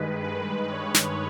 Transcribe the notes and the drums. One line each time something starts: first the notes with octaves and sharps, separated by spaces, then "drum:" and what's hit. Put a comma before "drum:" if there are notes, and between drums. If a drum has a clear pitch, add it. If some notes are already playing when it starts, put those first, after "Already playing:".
Already playing: G2 D#3 G#3 B4
B4
C#5
drum: snare